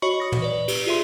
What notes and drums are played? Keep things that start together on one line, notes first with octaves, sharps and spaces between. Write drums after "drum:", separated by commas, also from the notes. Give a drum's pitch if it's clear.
F#4 C#5 D#5 B5 C#6
D#6 A#6
drum: tom
B4 D5
G4, drum: cymbal
F4 G#4 E5 C6